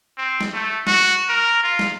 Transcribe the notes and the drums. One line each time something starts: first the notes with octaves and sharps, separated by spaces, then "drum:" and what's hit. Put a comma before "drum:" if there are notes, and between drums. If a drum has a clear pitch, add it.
C4
drum: snare
A3
F#4, drum: snare
A#4
F4
drum: snare